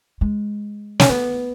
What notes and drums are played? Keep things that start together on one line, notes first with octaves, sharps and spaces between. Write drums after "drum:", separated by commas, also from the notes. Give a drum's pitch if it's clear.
G#3
C#4, drum: snare
B3